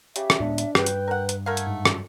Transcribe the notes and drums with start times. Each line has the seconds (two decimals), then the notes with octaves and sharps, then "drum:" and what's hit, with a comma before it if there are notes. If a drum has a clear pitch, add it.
0.16 C#3 G4 E5, drum: hi-hat
0.30 drum: rim click
0.40 A2 G#3 B3 D4
0.58 drum: hi-hat
0.75 G2 B4 G5, drum: rim click
0.86 drum: hi-hat
1.08 A#4 F#5
1.29 drum: hi-hat
1.46 A3 A#4 F5 F#5 G#6
1.57 drum: hi-hat
1.67 G#2
1.85 drum: rim click